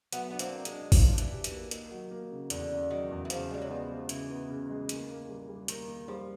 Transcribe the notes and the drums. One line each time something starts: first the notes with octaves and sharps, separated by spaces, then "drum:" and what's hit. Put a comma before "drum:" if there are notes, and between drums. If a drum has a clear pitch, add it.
F#3 A3 B3, drum: hi-hat
B3 D4
A#3 C4, drum: hi-hat
D4
G#3, drum: hi-hat
D4
F3 D4, drum: kick, open hi-hat
D4
E3, drum: hi-hat
G4
E3, drum: hi-hat
A#3
D#3 A#3, drum: hi-hat
F#3
A#3
C#3
E2 D3, drum: hi-hat
C#3
D#3 F#3
E2
E3
C#3 F3, drum: hi-hat
G3 G#3
F#3
F3 B3
G#3
C#3 E3, drum: hi-hat
B3
C#3
G#3
A#3, drum: hi-hat
A#3
G3
G3
D#3 A#3, drum: hi-hat
A#3
F3 G3